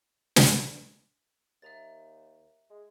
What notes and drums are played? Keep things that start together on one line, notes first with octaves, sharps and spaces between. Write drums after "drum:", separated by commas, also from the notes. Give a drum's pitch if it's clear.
drum: snare
D#2 E5 A#5 A6
G#3